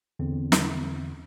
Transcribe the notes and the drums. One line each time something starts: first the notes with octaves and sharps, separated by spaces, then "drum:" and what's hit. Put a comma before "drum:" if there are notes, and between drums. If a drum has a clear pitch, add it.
E2 D3 C4
drum: snare